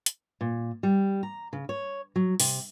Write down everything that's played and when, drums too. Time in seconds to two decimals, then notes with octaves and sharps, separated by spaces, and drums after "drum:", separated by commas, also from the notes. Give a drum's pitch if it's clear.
0.06 drum: hi-hat
0.41 A#2
0.83 G3
1.23 A#5
1.53 C#3
1.69 C#5
2.16 F#3
2.40 C3, drum: open hi-hat